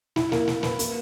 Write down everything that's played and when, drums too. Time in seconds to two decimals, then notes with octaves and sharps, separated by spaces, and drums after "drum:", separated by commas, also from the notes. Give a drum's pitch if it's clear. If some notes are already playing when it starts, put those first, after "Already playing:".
0.16 E4, drum: snare
0.32 A#3, drum: snare
0.47 A#3, drum: snare
0.63 B4, drum: snare
0.79 A#3, drum: hi-hat